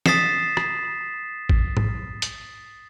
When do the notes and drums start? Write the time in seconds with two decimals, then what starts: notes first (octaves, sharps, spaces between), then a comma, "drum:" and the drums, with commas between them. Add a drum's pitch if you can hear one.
0.06 D#6 A6 B6 C7 E7, drum: snare
0.57 drum: rim click
1.49 drum: kick
1.77 drum: tom G#2
2.22 drum: hi-hat